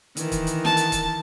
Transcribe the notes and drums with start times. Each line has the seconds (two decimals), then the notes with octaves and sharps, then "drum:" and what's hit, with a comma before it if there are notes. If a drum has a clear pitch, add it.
0.17 D#3 E3, drum: hi-hat
0.32 drum: kick, hi-hat
0.47 drum: hi-hat
0.65 A5, drum: snare
0.77 drum: hi-hat
0.92 drum: kick, hi-hat